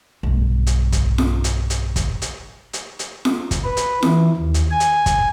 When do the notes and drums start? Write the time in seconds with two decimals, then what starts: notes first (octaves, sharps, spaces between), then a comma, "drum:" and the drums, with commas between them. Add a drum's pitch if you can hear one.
0.23 B1 G2
0.67 drum: hi-hat
0.92 drum: kick, hi-hat
1.18 drum: snare F4
1.44 drum: hi-hat
1.70 drum: hi-hat
1.96 drum: kick, hi-hat
2.22 drum: hi-hat
2.73 drum: hi-hat
2.99 drum: hi-hat
3.25 drum: snare F4
3.51 drum: kick, hi-hat
3.64 B4
3.77 drum: hi-hat
4.03 E3, drum: snare F4
4.37 D#2
4.54 drum: hi-hat
4.71 G#5
4.80 drum: hi-hat
5.06 drum: kick, hi-hat